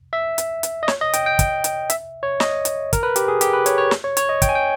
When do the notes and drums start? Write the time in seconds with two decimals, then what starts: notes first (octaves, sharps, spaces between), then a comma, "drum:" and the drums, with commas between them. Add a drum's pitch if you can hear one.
0.13 E5
0.38 drum: hi-hat
0.63 drum: hi-hat
0.83 D#5
0.88 C#5, drum: snare
1.01 D#5
1.13 G5, drum: hi-hat
1.26 G5
1.39 drum: kick, hi-hat
1.64 drum: hi-hat
1.90 E5, drum: hi-hat
2.23 C#5
2.40 D#5, drum: snare
2.65 drum: hi-hat
2.93 A#4, drum: kick, hi-hat
3.03 B4
3.16 G4, drum: hi-hat
3.28 G#4
3.41 G4, drum: hi-hat
3.53 B4
3.66 C#5, drum: hi-hat
3.78 C#5
3.91 drum: snare
4.04 C#5
4.17 C#5, drum: hi-hat
4.29 D#5
4.42 G5, drum: kick, hi-hat
4.49 G#5
4.55 G5